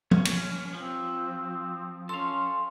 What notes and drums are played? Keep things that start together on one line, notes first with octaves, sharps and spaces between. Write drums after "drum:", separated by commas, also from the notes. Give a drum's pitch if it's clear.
C#4, drum: tom
drum: cymbal
F3 C4
C#4 A4 F5 C6